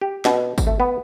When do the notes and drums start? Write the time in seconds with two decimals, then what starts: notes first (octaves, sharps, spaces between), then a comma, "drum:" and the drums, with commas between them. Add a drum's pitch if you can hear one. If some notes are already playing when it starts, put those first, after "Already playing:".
0.01 G4
0.25 B2, drum: snare
0.58 drum: kick G#1, tambourine
0.67 A3
0.80 B3